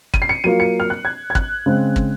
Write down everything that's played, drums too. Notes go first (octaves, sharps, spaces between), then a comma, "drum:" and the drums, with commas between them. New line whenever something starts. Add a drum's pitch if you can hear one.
D#7, drum: kick
C7
C#7
F#3 A#3 F4 D#7
C#7
F6
F#6
G#6
G#6
F#6, drum: kick
C#3 G#3 C4
drum: kick